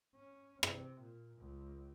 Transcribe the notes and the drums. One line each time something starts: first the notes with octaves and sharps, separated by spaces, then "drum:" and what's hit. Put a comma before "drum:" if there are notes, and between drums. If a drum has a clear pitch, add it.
C#4
C3, drum: rim click
A#2
C#2